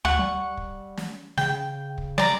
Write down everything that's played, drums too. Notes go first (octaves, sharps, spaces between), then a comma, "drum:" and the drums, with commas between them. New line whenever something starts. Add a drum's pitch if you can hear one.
D2 F#5 C#6
G3
drum: kick
drum: snare
C#3 G5, drum: snare
drum: kick
G3 D5 A#5, drum: snare